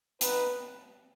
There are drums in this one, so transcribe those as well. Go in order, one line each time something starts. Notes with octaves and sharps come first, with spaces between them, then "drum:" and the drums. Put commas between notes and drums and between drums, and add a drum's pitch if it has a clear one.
B3 D#4 B4, drum: hi-hat